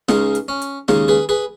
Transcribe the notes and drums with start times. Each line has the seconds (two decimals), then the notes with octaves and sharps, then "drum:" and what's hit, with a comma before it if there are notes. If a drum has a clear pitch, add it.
0.08 C#2 C#3 G#3 D#4, drum: snare
0.35 drum: hi-hat
0.48 C#4
0.62 drum: hi-hat
0.88 D#2 C#3 G#3 D#4, drum: snare
1.08 G#4 B4
1.29 G#4 B4